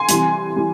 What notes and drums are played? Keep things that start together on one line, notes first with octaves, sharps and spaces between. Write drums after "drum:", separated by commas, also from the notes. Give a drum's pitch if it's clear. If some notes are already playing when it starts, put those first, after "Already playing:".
Already playing: G#5 C6
C3 E3 G3, drum: hi-hat
E3 G3